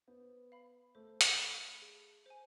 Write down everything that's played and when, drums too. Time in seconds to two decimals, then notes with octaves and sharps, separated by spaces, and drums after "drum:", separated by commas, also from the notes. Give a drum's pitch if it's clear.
0.08 B3 C5
0.52 F5 B5
0.95 A3 C5
1.21 drum: hi-hat
1.39 F5 B5
1.82 G#4
2.26 C5 G#5